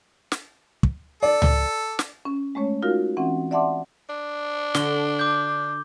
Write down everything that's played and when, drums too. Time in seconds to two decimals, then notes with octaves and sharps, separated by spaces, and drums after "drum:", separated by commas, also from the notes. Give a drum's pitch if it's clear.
0.32 drum: snare
0.83 drum: kick
1.23 A4 D5
1.42 drum: tom C#2
1.99 drum: snare
2.25 C#4
2.55 G#3 A3 C#4 C#5
2.82 D#4 F4 F#4 A#4 F5
3.17 E3 C4 C#4 F#5
3.51 D5 E5 F#5 A5 C6 D6
4.09 D4
4.75 D3 F#4 G7, drum: snare
5.19 D6 G6